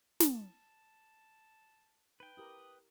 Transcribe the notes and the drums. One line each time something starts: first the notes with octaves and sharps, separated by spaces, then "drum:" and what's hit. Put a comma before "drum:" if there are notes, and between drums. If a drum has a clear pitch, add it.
A5, drum: snare
D#4 B4 G5
E4 G4 A#4 D#6